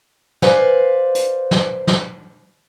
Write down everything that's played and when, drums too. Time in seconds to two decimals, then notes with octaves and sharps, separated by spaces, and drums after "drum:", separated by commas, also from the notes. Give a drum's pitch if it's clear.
0.42 B4 C5 D5 F5 F#5 G#5, drum: snare
1.15 drum: hi-hat
1.51 drum: snare
1.87 drum: snare